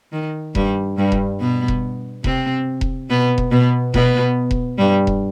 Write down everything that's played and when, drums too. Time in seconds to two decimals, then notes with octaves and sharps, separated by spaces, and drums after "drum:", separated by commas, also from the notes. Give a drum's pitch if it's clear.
0.13 D#3
0.55 G2 G3, drum: kick E1
0.97 G2 G3
1.12 drum: kick E1
1.41 B2 B3
1.68 drum: kick E1
2.24 C3 C4, drum: kick E1
2.81 drum: kick E1
3.10 B2 B3
3.38 drum: kick E1
3.52 B2 B3
3.94 B2 B3, drum: kick E1
4.51 drum: kick E1
4.78 G2 G3
5.07 drum: kick E1